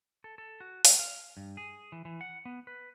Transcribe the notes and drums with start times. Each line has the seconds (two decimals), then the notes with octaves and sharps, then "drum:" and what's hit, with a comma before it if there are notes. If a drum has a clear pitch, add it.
0.24 A4
0.38 A4
0.60 F#4
0.85 A3, drum: open hi-hat
0.99 F5
1.37 G2
1.57 G#4
1.92 E3
2.05 E3
2.21 F#5
2.45 B3
2.67 B4